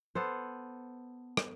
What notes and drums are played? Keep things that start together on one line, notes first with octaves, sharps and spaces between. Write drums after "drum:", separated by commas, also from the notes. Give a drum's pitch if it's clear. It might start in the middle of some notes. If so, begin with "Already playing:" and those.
B3 A4 C5
drum: rim click